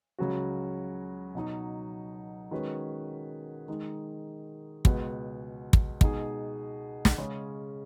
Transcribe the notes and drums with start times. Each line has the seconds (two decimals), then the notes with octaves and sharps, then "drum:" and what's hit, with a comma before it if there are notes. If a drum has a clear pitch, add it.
0.19 C#2 C#3 F#3 C#4 F#4
1.35 B2 F#3 D#4
2.51 D#3 G#3 C#4 F#4 B4
3.68 D#3 G#3 D#4
4.85 C#2 B2 G#3 B3 F#4, drum: kick
5.73 drum: kick
6.01 B2 G#3 D#4 G#4, drum: kick
7.05 drum: snare
7.18 C#3 G#3 C#4